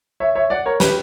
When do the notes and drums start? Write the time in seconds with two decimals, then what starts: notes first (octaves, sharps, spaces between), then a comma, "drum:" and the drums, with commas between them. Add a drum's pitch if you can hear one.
0.20 C#5 E5
0.35 C#5 E5
0.50 D5 F#5
0.66 A#4 C#5
0.80 G4 B4, drum: snare